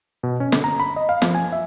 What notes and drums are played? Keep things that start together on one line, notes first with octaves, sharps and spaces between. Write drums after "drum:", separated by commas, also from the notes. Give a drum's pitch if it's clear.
B2
C#4
D3, drum: snare
A#5
B5
D#5
F5
F3, drum: snare
G#5
E5